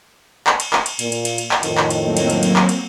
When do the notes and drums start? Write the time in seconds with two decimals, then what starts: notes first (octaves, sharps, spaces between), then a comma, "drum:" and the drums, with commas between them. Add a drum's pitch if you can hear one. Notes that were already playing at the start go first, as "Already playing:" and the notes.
0.47 drum: clap
0.60 drum: cymbal
0.73 drum: clap
0.86 drum: cymbal
0.99 A#2, drum: cymbal
1.12 drum: cymbal
1.25 drum: cymbal
1.38 drum: cymbal
1.51 drum: clap
1.63 F2 A2 D#3, drum: cymbal
1.77 drum: clap
1.90 drum: cymbal
2.03 F#3 A#3 C4
2.17 drum: cymbal
2.30 drum: cymbal
2.43 drum: cymbal
2.56 drum: clap
2.69 drum: cymbal